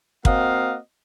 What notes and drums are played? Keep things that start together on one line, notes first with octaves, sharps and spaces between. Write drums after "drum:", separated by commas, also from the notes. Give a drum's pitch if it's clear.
A#3 C4 F#4 D#5 F5 F#5, drum: kick